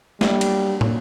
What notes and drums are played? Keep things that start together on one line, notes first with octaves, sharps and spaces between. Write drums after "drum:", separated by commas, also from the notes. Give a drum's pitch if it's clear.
F#3 G3 A#3 D4 F#4, drum: snare
drum: cymbal
F#3 A#3 D4 F#4, drum: tom